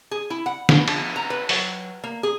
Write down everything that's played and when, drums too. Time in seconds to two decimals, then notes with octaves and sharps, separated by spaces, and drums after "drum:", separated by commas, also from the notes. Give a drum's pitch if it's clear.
0.11 G#4
0.30 E4
0.46 F#5
0.69 B3, drum: snare
0.88 F3, drum: cymbal
1.16 A#5
1.30 B4
1.49 F#3, drum: open hi-hat
2.04 A#3
2.23 G#4